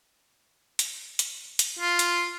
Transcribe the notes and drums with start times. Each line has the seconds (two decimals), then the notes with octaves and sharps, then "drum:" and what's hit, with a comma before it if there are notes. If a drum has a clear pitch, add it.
0.79 drum: hi-hat
1.19 drum: hi-hat
1.59 drum: hi-hat
1.79 F4
1.99 drum: hi-hat